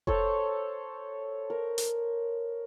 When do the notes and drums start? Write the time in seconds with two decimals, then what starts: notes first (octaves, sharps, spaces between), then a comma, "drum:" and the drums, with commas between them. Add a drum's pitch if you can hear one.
0.07 A4 C5 C#5, drum: kick F1
1.50 A#4
1.78 drum: hi-hat